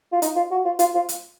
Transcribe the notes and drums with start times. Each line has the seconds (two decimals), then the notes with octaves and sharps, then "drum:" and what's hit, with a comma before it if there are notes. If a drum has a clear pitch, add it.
0.12 F4
0.22 D#4, drum: hi-hat
0.36 F4
0.51 F#4
0.65 F4
0.79 F4, drum: hi-hat
0.95 F4
1.09 drum: hi-hat